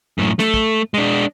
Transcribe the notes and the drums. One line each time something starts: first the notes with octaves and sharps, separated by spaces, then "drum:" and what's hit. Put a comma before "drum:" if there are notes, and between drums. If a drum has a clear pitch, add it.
F#2 A2
A3, drum: snare
drum: kick
G#3 D4